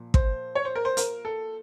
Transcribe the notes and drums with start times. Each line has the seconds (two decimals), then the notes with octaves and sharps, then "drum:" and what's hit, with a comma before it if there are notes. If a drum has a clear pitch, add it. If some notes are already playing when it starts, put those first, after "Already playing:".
Already playing: A#2 F3
0.14 C5, drum: kick
0.55 C#5
0.65 C5
0.75 A#4
0.85 C5
0.97 A#4, drum: hi-hat
1.25 A4